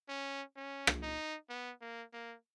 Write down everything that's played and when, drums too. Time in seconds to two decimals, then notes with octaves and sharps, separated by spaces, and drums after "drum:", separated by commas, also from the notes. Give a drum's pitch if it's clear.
0.09 C#4
0.56 C#4
0.87 drum: rim click
1.03 D#4
1.50 B3
1.81 A#3
2.13 A#3